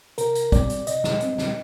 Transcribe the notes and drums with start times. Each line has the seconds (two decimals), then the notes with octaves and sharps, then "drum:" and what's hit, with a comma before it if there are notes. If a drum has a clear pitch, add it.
0.18 C3 A#4, drum: hi-hat
0.35 drum: hi-hat
0.52 G3 C4 D5, drum: kick, hi-hat
0.70 drum: hi-hat
0.87 C3 D#5, drum: hi-hat
1.04 drum: snare
1.20 G3 C4, drum: hi-hat
1.38 drum: snare